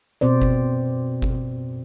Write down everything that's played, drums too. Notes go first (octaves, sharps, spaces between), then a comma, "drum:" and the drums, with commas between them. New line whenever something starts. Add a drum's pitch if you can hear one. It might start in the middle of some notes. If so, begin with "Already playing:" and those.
B2 C4 C5 D5
drum: kick G1
drum: kick G1